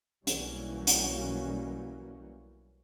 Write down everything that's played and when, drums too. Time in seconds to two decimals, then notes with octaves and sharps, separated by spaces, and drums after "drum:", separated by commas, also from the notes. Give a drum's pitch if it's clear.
0.27 B1 E3 F#3 G3 A#3 C#4, drum: hi-hat
0.87 drum: hi-hat